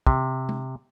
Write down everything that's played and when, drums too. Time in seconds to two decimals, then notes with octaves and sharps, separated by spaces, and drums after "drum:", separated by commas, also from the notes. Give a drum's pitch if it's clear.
0.07 C3, drum: kick
0.49 drum: tom